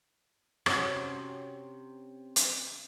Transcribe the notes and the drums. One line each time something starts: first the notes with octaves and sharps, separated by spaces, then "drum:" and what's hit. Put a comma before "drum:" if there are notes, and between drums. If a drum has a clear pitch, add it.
C3 C#4 F#4, drum: rim click
drum: hi-hat